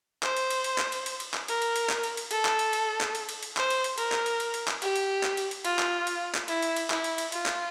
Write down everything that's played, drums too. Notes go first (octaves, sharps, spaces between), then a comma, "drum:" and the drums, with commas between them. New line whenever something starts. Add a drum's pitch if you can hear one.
C5, drum: clap
drum: cymbal
drum: cymbal
drum: cymbal
drum: clap
drum: cymbal
drum: cymbal
drum: cymbal
drum: clap
A#4, drum: cymbal
drum: cymbal
drum: cymbal
drum: clap
drum: cymbal
drum: cymbal
A4, drum: cymbal
drum: clap
drum: cymbal
drum: cymbal
drum: clap
drum: cymbal
drum: cymbal
drum: cymbal
C5, drum: clap
drum: cymbal
drum: cymbal
A#4, drum: cymbal
drum: clap
drum: cymbal
drum: cymbal
drum: cymbal
drum: clap
G4, drum: cymbal
drum: cymbal
drum: clap
drum: cymbal
drum: cymbal
F4, drum: cymbal
drum: clap
drum: cymbal
drum: clap
E4, drum: cymbal
drum: cymbal
drum: cymbal
E4, drum: clap
drum: cymbal
drum: cymbal
F4, drum: cymbal
drum: clap